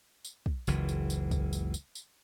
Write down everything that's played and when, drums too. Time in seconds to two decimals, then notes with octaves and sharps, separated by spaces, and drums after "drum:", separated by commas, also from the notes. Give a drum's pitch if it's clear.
0.25 drum: tambourine
0.46 drum: kick
0.67 F#1 C#2 E3, drum: tambourine
0.89 drum: tambourine
1.10 drum: tambourine
1.31 drum: kick, tambourine
1.53 drum: tambourine
1.74 drum: tambourine
1.95 drum: tambourine